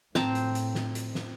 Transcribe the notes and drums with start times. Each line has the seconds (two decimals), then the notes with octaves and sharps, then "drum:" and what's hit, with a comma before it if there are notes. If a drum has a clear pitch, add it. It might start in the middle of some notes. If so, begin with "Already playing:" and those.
0.15 A2 C4 A5 A#5, drum: snare
0.35 drum: hi-hat
0.55 drum: hi-hat
0.75 drum: snare
0.95 drum: hi-hat
1.15 drum: snare